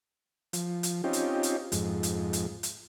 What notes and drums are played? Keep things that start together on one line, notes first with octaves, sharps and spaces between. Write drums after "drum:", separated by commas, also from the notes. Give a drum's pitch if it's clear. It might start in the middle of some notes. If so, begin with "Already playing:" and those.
F3, drum: hi-hat
drum: hi-hat
C4 C#4 D#4 F4 G4
drum: hi-hat
drum: hi-hat
F2 G#2, drum: hi-hat
drum: hi-hat
drum: hi-hat
drum: hi-hat